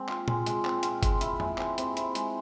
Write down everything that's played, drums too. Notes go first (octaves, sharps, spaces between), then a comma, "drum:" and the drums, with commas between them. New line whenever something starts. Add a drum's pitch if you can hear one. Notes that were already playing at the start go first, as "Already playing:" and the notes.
Already playing: G#3 C4
F4, drum: clap
G#3, drum: tom A#2
G#3, drum: hi-hat
C4, drum: clap
F4, drum: hi-hat
G#3, drum: kick G1, hi-hat
E4, drum: hi-hat
G#3, drum: tom
C4, drum: clap
C3, drum: hi-hat
E4, drum: hi-hat
G#3, drum: hi-hat